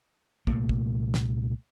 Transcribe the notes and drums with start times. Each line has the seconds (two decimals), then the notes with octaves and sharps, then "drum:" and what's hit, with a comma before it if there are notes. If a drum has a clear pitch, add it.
0.47 C2 A#2 A3 A#3, drum: kick
0.69 drum: kick
1.14 drum: snare